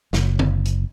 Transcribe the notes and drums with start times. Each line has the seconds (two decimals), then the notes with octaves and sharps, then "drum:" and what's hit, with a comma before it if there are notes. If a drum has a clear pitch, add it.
0.13 F#1, drum: snare
0.39 drum: tom
0.65 drum: hi-hat